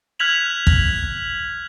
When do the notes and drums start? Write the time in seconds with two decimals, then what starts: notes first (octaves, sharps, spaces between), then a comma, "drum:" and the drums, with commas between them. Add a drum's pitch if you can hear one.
0.19 F6 F#6 G#6 B6 F7 F#7
0.67 drum: kick